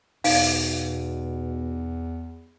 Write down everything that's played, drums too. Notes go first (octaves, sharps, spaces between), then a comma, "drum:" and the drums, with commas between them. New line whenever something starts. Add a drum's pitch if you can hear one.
E2 B2 D#4 F5 D7, drum: open hi-hat